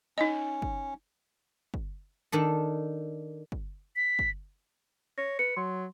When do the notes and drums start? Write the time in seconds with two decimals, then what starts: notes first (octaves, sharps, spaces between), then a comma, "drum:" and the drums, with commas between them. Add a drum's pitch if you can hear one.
0.18 C#4 D#4 D#5
0.62 drum: kick
1.74 drum: kick
2.32 D#3 D4 A4
3.52 drum: kick
3.96 B6
4.19 drum: kick
5.18 C#5 A#6
5.39 B4 C#7
5.57 F#3 C6